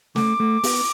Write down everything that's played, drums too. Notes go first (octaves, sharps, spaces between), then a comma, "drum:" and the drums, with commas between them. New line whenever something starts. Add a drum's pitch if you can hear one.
A3 D6, drum: snare
A3
B3, drum: open hi-hat